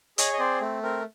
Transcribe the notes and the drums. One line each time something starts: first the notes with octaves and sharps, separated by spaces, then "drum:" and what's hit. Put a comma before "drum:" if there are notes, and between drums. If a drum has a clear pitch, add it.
G#4 C#5 D#5, drum: hi-hat
D#5
C4 C5 D5
A3
C4 A#4